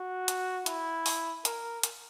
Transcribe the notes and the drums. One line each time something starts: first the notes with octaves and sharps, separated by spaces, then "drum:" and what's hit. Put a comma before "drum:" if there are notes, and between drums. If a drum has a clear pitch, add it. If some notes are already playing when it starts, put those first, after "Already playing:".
Already playing: F#4
drum: hi-hat
E4, drum: hi-hat
drum: open hi-hat
A#4, drum: hi-hat
drum: hi-hat